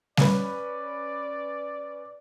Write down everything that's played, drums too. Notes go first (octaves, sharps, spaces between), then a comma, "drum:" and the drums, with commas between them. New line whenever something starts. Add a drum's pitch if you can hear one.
C#4 B4 D5, drum: snare G3